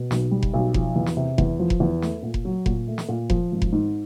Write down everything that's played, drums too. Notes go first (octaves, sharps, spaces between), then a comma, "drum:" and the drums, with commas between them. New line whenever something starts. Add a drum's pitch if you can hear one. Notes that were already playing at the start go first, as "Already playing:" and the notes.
Already playing: B2
B1, drum: snare
G3
drum: kick F1
B1
F3, drum: kick F1
E2
drum: snare
C3
E2, drum: kick F1
F3
drum: kick F1
E2
A3, drum: snare
A#2
drum: kick F1
F#3
A#2, drum: kick F1
A3
drum: snare
A#2
F3, drum: kick F1
G#1
drum: kick F1
G#2